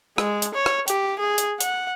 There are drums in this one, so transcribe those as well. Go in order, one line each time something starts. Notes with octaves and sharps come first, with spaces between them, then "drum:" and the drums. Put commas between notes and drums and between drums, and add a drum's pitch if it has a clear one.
G#3, drum: rim click
drum: hi-hat
C#5
drum: rim click
G4, drum: hi-hat
G#4
drum: hi-hat
F#5, drum: hi-hat